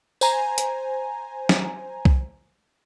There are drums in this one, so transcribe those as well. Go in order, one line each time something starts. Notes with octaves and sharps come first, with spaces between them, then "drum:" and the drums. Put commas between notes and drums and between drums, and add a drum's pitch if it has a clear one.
C5 G#5 A#5, drum: tambourine
drum: hi-hat
drum: snare
drum: kick C2